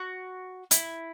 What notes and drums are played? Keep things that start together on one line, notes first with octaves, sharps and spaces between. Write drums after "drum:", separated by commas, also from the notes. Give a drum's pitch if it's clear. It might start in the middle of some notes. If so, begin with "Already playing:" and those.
Already playing: F#4
E4, drum: hi-hat